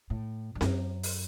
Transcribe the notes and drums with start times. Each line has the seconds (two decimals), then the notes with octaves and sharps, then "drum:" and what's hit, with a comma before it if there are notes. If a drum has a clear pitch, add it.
0.10 A2
0.55 G2
0.61 F#2, drum: snare C4
1.03 drum: open hi-hat